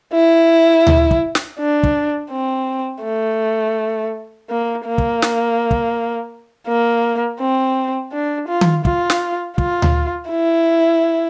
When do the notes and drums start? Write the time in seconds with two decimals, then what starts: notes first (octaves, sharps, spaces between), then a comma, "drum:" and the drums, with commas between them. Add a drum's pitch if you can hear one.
0.14 E4
0.87 drum: tom D2
1.11 drum: kick
1.35 drum: snare
1.59 D4
1.83 drum: kick
2.31 C4
3.04 A3
4.50 A#3
4.86 A#3
4.98 drum: kick
5.22 drum: snare
5.71 drum: kick
6.68 A#3
7.40 C4
8.13 D4
8.49 F4
8.61 drum: tom D#3
8.85 F4, drum: kick
9.10 drum: snare
9.58 F4, drum: kick
9.82 drum: tom D2
10.30 E4